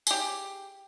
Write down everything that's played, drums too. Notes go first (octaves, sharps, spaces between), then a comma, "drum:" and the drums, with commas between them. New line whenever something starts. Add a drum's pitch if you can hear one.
G4 G#4, drum: tambourine